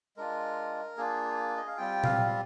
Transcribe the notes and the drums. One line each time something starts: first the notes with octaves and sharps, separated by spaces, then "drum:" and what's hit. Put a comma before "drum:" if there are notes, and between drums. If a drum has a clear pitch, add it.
G#3 D4 F4 A#4
A#3 D4 F4 G#4
D#5
F5
G3 C4 F4 G5
F5, drum: tom A#2